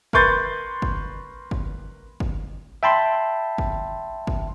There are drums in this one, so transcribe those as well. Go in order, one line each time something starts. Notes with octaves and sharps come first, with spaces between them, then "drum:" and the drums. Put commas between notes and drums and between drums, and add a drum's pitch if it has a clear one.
A#4 B4 C6 C#6 G6 A6, drum: kick G1
drum: kick G1
drum: kick G1
drum: kick G1
E5 G5 A5 B5 C6
drum: kick G1
drum: kick G1